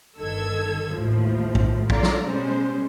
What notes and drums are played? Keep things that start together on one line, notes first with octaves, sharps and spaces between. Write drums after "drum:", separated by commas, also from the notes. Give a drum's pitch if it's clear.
G1 G2 D#3 A4 E6 G#6
A1 D#2 A2 F3
drum: kick
F4 A4 D5 F5 A#5, drum: kick
drum: snare
B2 G3 G#3 C#4 C5